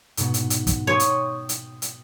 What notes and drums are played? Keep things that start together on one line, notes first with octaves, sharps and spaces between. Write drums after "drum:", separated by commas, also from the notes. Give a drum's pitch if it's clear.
G#2 B2 B3, drum: hi-hat
drum: hi-hat
drum: hi-hat
drum: kick, hi-hat
C#5 G5 C6 D#6
drum: hi-hat
drum: hi-hat
drum: hi-hat